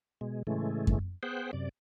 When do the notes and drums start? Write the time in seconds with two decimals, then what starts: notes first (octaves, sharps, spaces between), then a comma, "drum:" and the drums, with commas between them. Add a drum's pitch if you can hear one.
0.21 B2 G#3
0.47 A2 C#3 E3 G#3 A3
0.87 drum: kick F#2
1.23 B3 G#4 C5 F#5 G5
1.53 F#2 C3 D5